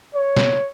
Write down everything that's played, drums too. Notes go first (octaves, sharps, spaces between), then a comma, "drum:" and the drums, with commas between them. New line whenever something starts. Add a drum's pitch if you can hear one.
C#5
drum: snare